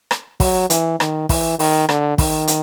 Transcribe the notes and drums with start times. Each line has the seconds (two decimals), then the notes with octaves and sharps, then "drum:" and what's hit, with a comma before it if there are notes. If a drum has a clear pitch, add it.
0.11 drum: rim click
0.40 F#3, drum: kick, open hi-hat
0.70 E3, drum: hi-hat
1.00 D#3, drum: rim click
1.29 E3, drum: kick, open hi-hat
1.59 D#3, drum: open hi-hat
1.89 D3, drum: rim click
2.18 D#3, drum: kick, open hi-hat
2.47 drum: hi-hat